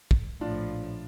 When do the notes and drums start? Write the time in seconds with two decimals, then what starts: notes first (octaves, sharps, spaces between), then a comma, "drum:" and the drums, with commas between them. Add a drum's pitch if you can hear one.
0.11 drum: kick
0.41 A#1 A2 F3 D4 F4